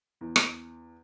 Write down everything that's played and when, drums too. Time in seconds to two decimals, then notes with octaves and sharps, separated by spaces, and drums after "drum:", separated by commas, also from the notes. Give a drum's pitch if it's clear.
0.21 E2
0.36 drum: rim click